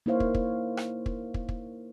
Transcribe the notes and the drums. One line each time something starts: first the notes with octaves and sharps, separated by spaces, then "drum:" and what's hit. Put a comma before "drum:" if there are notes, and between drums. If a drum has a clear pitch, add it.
A#3 D#4 E4 C5 C#5 F5
drum: kick
drum: kick
drum: rim click
drum: kick
drum: kick
drum: kick